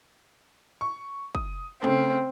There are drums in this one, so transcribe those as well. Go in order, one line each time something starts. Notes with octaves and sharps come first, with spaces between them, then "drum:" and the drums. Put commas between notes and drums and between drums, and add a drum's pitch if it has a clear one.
C#6
D#6, drum: kick
C#3 A3 C4, drum: clap